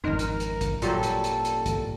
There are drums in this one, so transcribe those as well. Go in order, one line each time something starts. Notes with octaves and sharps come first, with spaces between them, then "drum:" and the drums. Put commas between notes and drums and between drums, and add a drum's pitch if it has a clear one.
G#1 F2 D#4 A#4 D#5
drum: hi-hat
drum: hi-hat
drum: kick, hi-hat
A#2 F#3 G3 A4, drum: hi-hat
drum: hi-hat
drum: hi-hat
drum: hi-hat
drum: kick, hi-hat